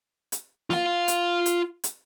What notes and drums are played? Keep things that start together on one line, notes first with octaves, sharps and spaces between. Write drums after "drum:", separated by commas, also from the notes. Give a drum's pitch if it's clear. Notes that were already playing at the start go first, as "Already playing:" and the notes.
drum: hi-hat
F4 F5, drum: snare
drum: hi-hat
drum: hi-hat
drum: hi-hat